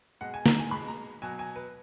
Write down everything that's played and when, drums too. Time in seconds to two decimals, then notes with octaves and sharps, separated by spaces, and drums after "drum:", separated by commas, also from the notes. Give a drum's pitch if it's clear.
0.21 B2 G#3 F#5
0.34 G#5
0.46 A#5, drum: snare
0.59 G#5
0.71 B2 G#3 B5
0.88 A#5
1.22 B2 F#3 G#5
1.39 G#5
1.56 B4